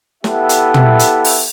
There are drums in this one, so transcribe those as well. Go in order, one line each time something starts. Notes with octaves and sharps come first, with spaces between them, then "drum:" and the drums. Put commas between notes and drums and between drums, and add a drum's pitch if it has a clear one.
B3 E4 G4 A4 E5, drum: snare
drum: hi-hat
drum: tom
drum: hi-hat
drum: open hi-hat